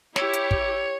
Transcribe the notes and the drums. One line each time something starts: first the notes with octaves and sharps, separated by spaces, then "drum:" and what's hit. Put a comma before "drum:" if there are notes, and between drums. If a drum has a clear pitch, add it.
E4 G4 C#5, drum: snare
drum: hi-hat
drum: kick